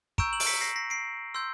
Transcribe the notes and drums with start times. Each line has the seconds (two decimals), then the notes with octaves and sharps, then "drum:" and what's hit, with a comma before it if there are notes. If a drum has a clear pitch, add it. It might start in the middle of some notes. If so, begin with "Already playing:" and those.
0.18 A#5 C#6 E6 G6 D7 E7, drum: kick
0.33 E7 F#7
0.40 D7, drum: open hi-hat
0.47 B6 C#7
0.61 A#6 C7
0.76 A#6 C7
0.90 C7 D7
1.34 C6 E6 G6